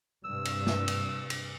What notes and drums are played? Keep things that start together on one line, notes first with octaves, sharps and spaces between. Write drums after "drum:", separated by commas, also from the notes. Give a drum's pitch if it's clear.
G2 C3 E6
drum: cymbal
drum: snare
drum: cymbal
drum: cymbal